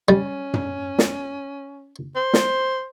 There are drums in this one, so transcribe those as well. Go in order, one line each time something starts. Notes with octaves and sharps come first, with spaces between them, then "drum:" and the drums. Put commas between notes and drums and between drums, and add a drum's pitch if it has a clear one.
G3 C#4
drum: tom
drum: snare
C5
drum: snare